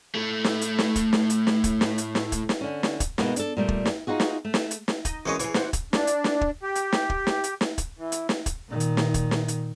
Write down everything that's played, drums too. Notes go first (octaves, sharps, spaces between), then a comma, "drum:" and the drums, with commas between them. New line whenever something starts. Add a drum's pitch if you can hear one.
A2 A3
drum: snare
drum: hi-hat
drum: snare
drum: kick, hi-hat
drum: snare
drum: hi-hat
drum: snare
drum: kick, hi-hat
drum: snare
drum: hi-hat
drum: snare
drum: kick, hi-hat
drum: snare
D3 C#4
drum: snare
drum: kick, hi-hat
B2 G#3 A#3 B3, drum: snare
D4 A4, drum: hi-hat
A#2 G3 A3
drum: kick
drum: snare
D#4 F4 F#4 G#4
drum: snare
A3
drum: snare
drum: hi-hat
drum: snare
D#4, drum: kick, hi-hat
F#2 E3 G#3 C#4 C#5 D#5
E3 G#4 C#5, drum: hi-hat
F#4 C5, drum: snare
drum: kick, hi-hat
D4, drum: snare
drum: hi-hat
drum: snare
drum: kick
G4
drum: hi-hat
drum: snare
drum: kick
drum: snare
drum: hi-hat
drum: snare
drum: kick, hi-hat
E3
drum: hi-hat
drum: snare
drum: kick, hi-hat
A#2 D#3
drum: hi-hat
drum: snare
drum: kick, hi-hat
drum: snare
drum: hi-hat